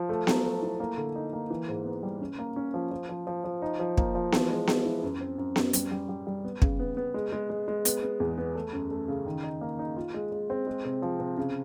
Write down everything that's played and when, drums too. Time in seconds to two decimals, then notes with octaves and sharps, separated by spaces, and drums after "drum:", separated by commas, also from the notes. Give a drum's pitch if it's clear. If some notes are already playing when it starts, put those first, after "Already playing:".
Already playing: F3
0.09 A3
0.27 F#3, drum: snare B3
0.45 A3
0.62 E4
0.80 A#3
0.97 D3
1.15 D#4
1.33 A#3
1.50 E3
1.68 G#2
1.85 B3
2.03 G3
2.21 C#4
2.39 A#3
2.56 C#4
2.74 F3
2.91 F3
3.09 F3
3.27 F3
3.44 F3
3.62 D#4
3.79 F3
3.97 A#3, drum: kick
4.15 F3
4.32 E3, drum: snare B3
4.50 G#3
4.67 B3, drum: snare B3
4.85 E4
5.03 F#2
5.21 C4
5.38 F#2
5.56 F#2, drum: snare B3
5.73 G3, drum: hi-hat
5.91 G3
6.09 G3
6.27 G3
6.44 B3
6.62 C#3, drum: kick
6.79 B3
6.97 B3
7.14 G#3
7.32 G#3
7.50 G#3
7.68 G#3
7.85 B3, drum: hi-hat
8.03 B3
8.20 E2
8.38 B3
8.55 A3
8.73 F#2
8.91 A3
9.08 C#3
9.26 D#3
9.43 D#4
9.61 A#3
9.79 D#4
9.97 F4
10.14 G#3
10.32 G#3
10.50 C4
10.67 G#3
10.85 C3
11.02 F3
11.20 C3
11.37 C#3